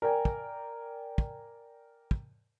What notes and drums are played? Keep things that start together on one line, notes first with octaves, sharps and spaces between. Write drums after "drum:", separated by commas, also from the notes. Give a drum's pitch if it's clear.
A#4 D5 G5 G#5
drum: kick
drum: kick
drum: kick